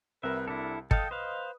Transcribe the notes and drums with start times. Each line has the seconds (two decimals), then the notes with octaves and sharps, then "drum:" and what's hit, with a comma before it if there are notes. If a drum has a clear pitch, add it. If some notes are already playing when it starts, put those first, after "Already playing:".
0.23 C2 C4 A#4 B4 E5
0.48 D4 E4 A4
0.91 A4 D#5 F5 G5 D#6, drum: kick
1.11 B4 C5 F5